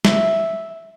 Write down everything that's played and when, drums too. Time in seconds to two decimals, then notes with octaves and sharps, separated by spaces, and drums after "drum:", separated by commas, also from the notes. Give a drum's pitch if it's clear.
0.05 E5, drum: snare